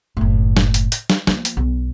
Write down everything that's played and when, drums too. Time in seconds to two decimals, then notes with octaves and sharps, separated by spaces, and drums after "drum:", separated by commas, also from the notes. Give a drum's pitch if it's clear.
0.17 F#1 A2
0.56 drum: snare
0.74 drum: hi-hat
0.92 drum: hi-hat
1.10 drum: snare
1.27 F3 A#3, drum: snare
1.45 drum: hi-hat
1.57 B1